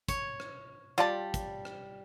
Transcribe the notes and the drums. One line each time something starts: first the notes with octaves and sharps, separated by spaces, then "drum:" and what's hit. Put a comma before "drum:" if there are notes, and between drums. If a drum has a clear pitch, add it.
C#5, drum: kick, hi-hat
drum: rim click
G3 F4 D5 A5
drum: kick, hi-hat
drum: rim click